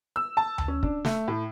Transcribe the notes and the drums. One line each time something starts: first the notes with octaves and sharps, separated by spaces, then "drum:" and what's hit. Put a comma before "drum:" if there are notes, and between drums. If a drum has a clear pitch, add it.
E6
A5
drum: tom D2
C#4
D4, drum: kick
A3, drum: snare
A2